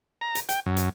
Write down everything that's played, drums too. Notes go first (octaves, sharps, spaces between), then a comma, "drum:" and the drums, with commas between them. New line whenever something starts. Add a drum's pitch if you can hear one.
A#5
drum: hi-hat
G5, drum: hi-hat
F#2
drum: hi-hat